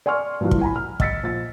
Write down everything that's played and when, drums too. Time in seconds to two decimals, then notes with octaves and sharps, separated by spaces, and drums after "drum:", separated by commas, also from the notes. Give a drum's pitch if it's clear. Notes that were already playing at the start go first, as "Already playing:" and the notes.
0.06 D5 G#5 C6 C#6 F6
0.41 G2 A#2 E3 F3 E4 F#4
0.51 drum: kick
0.61 G#5 A#5 B5
0.76 F6
1.00 D#5 E6 A6 B6 C#7, drum: kick
1.23 A#1 E6 A6